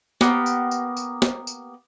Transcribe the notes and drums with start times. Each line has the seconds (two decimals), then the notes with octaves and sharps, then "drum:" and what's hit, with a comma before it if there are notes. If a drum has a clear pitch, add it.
0.21 A#3 B3 G4 A#5, drum: snare
0.46 drum: tambourine
0.71 drum: tambourine
0.97 drum: tambourine
1.22 drum: snare
1.47 drum: tambourine